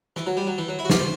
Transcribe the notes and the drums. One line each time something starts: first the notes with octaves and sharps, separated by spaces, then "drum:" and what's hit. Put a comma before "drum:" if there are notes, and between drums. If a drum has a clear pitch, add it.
E3, drum: rim click
F#3
G3
F#3
E3
F#3
E4
F#4
G4, drum: snare
C5